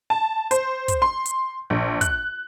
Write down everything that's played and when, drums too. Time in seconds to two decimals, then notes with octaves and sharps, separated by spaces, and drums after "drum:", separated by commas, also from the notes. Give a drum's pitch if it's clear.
0.10 A5
0.51 C5, drum: hi-hat
0.88 drum: kick, hi-hat
1.02 C6
1.26 drum: hi-hat
1.70 A#1
2.01 F#6, drum: kick, hi-hat